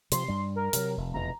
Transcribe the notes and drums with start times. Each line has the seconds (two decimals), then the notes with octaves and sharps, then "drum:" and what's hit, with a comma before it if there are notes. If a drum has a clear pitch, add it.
0.12 C3 F3 C6, drum: hi-hat
0.28 G2 G3
0.56 A#4
0.73 C3 F#3, drum: hi-hat
0.97 F1
1.14 F1 E2 B2 A#5